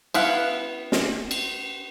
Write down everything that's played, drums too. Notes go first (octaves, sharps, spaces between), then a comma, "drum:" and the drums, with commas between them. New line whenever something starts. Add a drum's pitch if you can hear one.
B3 E4 F5 F#5, drum: cymbal
drum: snare
drum: cymbal